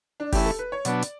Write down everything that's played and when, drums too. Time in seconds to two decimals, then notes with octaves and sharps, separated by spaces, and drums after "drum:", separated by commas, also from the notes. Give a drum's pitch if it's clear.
0.20 D4
0.32 E3 A3 C#4 E4 G4, drum: kick, open hi-hat
0.46 A4
0.59 B4
0.72 C#5
0.85 B2 F#3 B3 D4 D5, drum: hi-hat
1.02 drum: hi-hat